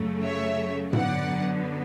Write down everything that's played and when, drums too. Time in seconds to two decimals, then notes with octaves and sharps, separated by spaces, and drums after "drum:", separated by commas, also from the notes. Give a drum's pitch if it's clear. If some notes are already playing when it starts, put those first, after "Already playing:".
Already playing: F#2 C#3 F#3 A3
0.22 C#5 E5
0.93 F#2 D3 F#3 B3 D5 F#5, drum: tom G#2